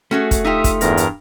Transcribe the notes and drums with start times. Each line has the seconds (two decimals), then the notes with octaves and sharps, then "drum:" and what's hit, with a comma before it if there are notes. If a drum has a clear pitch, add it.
0.11 A3 C#4 F#4 G#4
0.31 drum: kick, hi-hat
0.44 D#4 F4 G4 E5 D#6
0.64 drum: kick, hi-hat
0.81 E2 G2 A#4 A#5, drum: hi-hat
0.97 drum: hi-hat